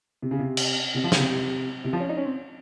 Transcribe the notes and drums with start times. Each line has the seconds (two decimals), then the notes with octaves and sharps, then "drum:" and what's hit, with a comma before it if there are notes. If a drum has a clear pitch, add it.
0.22 C3
0.31 C#3
0.39 C3
0.57 drum: cymbal
0.94 C3
1.04 F3
1.12 C#3, drum: snare
1.19 C3
1.84 C3
1.93 F3
2.00 C#4
2.09 D#4
2.17 C#4
2.25 C4